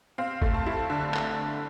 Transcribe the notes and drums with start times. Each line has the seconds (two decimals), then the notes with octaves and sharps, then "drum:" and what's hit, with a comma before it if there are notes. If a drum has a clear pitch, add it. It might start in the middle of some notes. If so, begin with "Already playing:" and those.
0.18 C4 F5
0.42 A3, drum: kick G#1
0.54 A5
0.66 E4
0.90 D3 A5
1.14 drum: clap